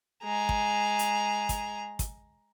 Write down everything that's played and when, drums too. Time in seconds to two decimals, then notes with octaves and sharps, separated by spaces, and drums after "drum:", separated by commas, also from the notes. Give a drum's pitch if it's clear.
0.24 G#3 A#5
0.49 drum: kick
0.99 drum: hi-hat
1.49 drum: kick, hi-hat
1.99 drum: kick, hi-hat